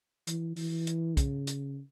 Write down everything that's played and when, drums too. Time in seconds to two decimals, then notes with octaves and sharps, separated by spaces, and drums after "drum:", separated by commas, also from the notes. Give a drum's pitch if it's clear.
0.27 E3, drum: hi-hat
0.56 E3, drum: open hi-hat
0.87 drum: hi-hat
1.17 C#3, drum: kick, hi-hat
1.47 drum: hi-hat